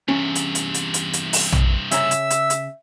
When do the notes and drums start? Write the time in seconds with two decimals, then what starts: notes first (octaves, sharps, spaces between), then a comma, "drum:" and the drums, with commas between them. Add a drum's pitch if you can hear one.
0.08 E2 G2 C3 C#4
0.35 drum: hi-hat
0.55 drum: hi-hat
0.74 drum: hi-hat
0.94 drum: hi-hat
1.13 drum: hi-hat
1.33 drum: open hi-hat
1.52 drum: tom A#1
1.91 C#3 C#5 E5 A#5 E6, drum: hi-hat
2.11 drum: hi-hat
2.30 drum: hi-hat
2.50 drum: hi-hat